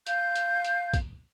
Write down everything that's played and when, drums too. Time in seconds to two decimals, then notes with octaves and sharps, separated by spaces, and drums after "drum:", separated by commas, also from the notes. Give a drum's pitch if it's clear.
0.07 F5 G6, drum: hi-hat
0.36 drum: hi-hat
0.65 drum: hi-hat
0.94 drum: kick, hi-hat